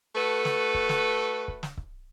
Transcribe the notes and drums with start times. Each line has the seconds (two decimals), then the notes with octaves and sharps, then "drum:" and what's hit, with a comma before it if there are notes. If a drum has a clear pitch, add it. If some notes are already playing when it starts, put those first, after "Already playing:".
0.16 A3 F#4 A4 B4
0.45 drum: snare
0.74 drum: kick C#1
0.89 drum: snare
1.48 drum: kick C#1
1.63 drum: snare
1.77 drum: kick C#1